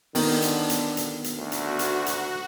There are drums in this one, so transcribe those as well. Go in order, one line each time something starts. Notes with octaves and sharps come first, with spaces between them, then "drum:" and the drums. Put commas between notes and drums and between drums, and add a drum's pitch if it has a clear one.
D3 D#3 B3, drum: open hi-hat
drum: hi-hat
drum: hi-hat
drum: hi-hat
drum: hi-hat
D2 F#4
drum: hi-hat
drum: hi-hat
drum: hi-hat